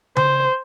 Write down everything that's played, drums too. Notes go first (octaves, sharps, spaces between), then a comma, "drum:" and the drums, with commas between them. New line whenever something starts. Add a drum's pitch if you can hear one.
C5, drum: tom C#3